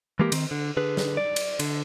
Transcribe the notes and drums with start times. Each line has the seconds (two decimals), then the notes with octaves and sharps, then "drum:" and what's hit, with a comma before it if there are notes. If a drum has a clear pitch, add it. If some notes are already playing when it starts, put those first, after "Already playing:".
0.19 E3 G#3 A#3 G4 A#4
0.32 D#3 C4, drum: cymbal
0.51 D3
0.77 D3 G#4 B4
0.97 drum: snare
1.17 D5
1.36 drum: cymbal
1.59 D3, drum: cymbal